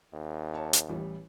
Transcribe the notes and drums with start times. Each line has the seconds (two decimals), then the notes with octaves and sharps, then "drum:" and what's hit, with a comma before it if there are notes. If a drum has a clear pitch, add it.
0.13 D#2
0.54 C#5 A5
0.73 drum: hi-hat
0.89 A1 E3 G3